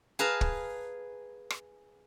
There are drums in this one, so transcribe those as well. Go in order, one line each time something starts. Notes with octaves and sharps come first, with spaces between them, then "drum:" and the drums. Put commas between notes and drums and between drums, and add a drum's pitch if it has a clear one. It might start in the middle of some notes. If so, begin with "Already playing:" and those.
G#4 B4 F5 A5 A#5
drum: kick
drum: rim click